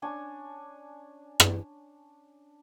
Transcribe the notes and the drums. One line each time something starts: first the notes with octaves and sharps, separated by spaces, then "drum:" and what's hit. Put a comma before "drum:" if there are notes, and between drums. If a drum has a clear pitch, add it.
C#4 D4 G#5 C#6
drum: rim click